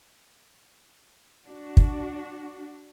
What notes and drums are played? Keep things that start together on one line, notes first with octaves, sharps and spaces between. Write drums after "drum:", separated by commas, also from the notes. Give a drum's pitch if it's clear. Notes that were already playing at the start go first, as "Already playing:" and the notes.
D4 F#4
drum: kick